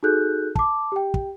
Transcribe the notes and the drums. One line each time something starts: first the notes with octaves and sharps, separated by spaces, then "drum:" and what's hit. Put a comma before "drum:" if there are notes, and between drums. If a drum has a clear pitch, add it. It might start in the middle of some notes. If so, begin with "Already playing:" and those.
D#4 F#4 G#4 A4 F#6 G6
A5 D6, drum: kick
G4 G5
drum: kick